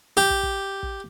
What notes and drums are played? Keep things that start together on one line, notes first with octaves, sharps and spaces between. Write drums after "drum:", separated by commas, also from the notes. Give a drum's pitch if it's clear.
G4
drum: kick
drum: kick
drum: kick